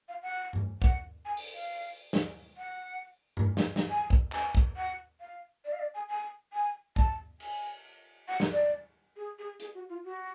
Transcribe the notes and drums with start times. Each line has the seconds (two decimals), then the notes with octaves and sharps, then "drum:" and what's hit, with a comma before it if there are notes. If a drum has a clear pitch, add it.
0.08 F5
0.22 F#5
0.53 drum: tom G2
0.82 F#5, drum: kick
1.25 G#5
1.37 drum: open hi-hat
1.55 F5
2.13 drum: snare
2.57 F#5
3.37 drum: tom G2
3.57 drum: snare
3.76 drum: snare
3.89 G#5
4.10 drum: kick
4.32 G#5, drum: clap
4.55 drum: kick
4.76 F#5
5.20 F5
5.64 D5
5.72 F5
5.79 D5
5.94 G#5
6.09 G#5
6.52 G#5
6.96 A5, drum: kick
7.40 G#5, drum: cymbal
8.28 F#5
8.40 drum: snare
8.50 D5
9.16 G#4
9.39 G#4
9.60 G#4, drum: hi-hat
9.74 F#4
9.89 F4
10.04 F#4